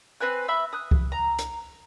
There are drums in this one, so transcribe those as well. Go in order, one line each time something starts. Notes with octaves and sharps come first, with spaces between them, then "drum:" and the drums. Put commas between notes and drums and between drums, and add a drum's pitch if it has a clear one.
C4 B4 G#5 F#6
E5 B5 E6
D#6 F#6
drum: kick C2
A#5
drum: hi-hat